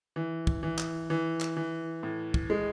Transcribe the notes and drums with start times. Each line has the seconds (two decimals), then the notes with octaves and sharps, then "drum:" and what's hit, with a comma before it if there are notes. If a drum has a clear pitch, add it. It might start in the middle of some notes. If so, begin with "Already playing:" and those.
0.16 E3
0.47 drum: kick
0.63 E3
0.78 drum: clap
1.10 E3
1.41 drum: clap
1.56 E3
2.03 A2
2.34 drum: kick
2.50 G#3